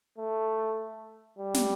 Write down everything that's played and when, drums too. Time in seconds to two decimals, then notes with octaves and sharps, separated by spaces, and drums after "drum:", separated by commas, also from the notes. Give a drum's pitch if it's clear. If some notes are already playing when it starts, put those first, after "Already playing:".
0.18 A3
1.39 G3
1.54 drum: snare